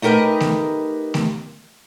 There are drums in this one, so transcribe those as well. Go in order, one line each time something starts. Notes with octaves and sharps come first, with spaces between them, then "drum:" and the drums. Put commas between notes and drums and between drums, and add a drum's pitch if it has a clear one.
A3 D#4 G4 A#4 B4 D#5
drum: snare A3
drum: snare A3